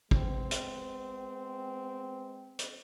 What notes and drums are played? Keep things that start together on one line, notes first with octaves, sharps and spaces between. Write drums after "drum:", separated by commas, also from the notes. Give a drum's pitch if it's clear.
G#3 B3 C4, drum: kick
drum: hi-hat
drum: hi-hat